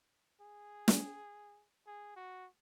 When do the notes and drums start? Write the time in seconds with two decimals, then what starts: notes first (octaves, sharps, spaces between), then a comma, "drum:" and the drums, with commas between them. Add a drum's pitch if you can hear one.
0.41 G#4
0.88 drum: snare
1.87 G#4
2.16 F#4